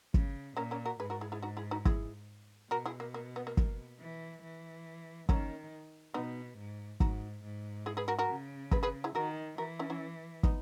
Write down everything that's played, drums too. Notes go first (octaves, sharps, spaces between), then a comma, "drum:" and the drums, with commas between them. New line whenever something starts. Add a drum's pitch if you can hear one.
C#3, drum: kick
A#2 A#3 C#4
A#3 C#4
F#4 A#4
G#2 G#4 B4
F#4 A#4
E4 G#4
E4 G#4
D#4 F#4
E4 G#4
D#4 F#4
E4 G#4, drum: kick
B2 F#4 A#4
E4 G#4
A#3
A#3
B3
A#3
A#3, drum: kick
E3
E3
D#3 A#3 C#4, drum: kick
B2 B3 D#4
G#2
G#2 D#4 F#4, drum: kick
G#2
E4 G#4
G#4 B4
F#4 A#4
F#4 A#4
C#3
G#4 B4, drum: kick
G#4 B4
E4 G#4
D#3 F#4 A#4
E3 F#4 A#4
C#4 E4
C#4 E4
B3 D#4, drum: kick